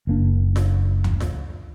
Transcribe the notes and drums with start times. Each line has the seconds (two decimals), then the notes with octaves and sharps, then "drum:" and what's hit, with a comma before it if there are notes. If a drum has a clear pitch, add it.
0.07 F#1 A#3 D4
0.56 drum: snare F4
1.04 drum: tom D2
1.20 drum: snare F4